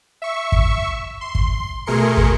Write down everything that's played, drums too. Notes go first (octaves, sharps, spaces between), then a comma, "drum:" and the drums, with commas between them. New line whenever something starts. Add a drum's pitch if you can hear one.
E5 C#6
drum: kick
C6
drum: kick
B2 A3 G#4 A#4 C6 C#7
drum: kick